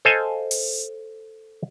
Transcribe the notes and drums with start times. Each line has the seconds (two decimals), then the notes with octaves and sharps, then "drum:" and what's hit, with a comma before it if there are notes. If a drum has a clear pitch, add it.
0.05 A4 C5 D#5 F5 G#5
0.51 drum: open hi-hat